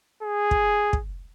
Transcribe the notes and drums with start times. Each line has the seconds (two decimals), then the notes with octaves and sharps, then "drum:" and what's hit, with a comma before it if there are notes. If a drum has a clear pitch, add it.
0.23 G#4
0.51 drum: kick
0.93 drum: kick